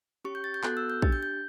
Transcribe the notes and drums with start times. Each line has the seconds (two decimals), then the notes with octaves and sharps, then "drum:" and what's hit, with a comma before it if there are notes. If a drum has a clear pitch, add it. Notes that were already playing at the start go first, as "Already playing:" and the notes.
0.25 C#4 G4 C#6
0.35 G6
0.44 A6
0.54 G6
0.63 B3 F#4 A4 F#6, drum: clap
0.77 E6
0.90 G6
1.02 D4 G4 A6, drum: kick
1.12 G6
1.23 G6